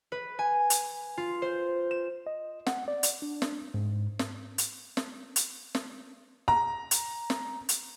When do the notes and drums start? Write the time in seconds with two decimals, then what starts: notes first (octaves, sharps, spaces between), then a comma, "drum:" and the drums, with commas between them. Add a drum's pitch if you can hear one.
0.12 B4
0.39 G#5
0.70 drum: hi-hat
1.17 F4
1.42 C5
1.91 E7
2.27 D#5
2.67 F#5, drum: snare
2.88 D5
3.03 drum: hi-hat
3.22 D4
3.42 drum: snare
3.74 G#2
4.19 drum: snare
4.58 drum: hi-hat
4.97 drum: snare
5.36 drum: hi-hat
5.75 drum: snare
6.48 A#5
6.91 drum: hi-hat
7.30 drum: snare
7.69 drum: hi-hat